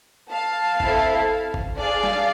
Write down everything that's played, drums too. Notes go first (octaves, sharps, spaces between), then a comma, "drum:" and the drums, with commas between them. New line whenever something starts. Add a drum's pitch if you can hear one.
F5 A5
C4 E4 A4, drum: kick
drum: kick
D4 G#4 D5 F5
drum: snare